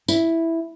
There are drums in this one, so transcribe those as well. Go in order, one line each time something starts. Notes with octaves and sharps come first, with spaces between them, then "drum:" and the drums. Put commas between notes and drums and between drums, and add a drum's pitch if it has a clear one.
E4, drum: tambourine